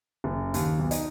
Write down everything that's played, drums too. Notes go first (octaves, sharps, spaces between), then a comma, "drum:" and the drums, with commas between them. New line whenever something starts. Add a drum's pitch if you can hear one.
F#1
D#2, drum: hi-hat
B1
D#4, drum: hi-hat